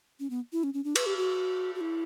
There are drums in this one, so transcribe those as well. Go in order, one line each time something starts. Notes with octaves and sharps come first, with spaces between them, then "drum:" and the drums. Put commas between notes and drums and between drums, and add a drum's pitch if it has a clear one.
C#4
B3
E4
C#4
C#4
D4
B4, drum: cymbal
G4
F#4
F#4
E4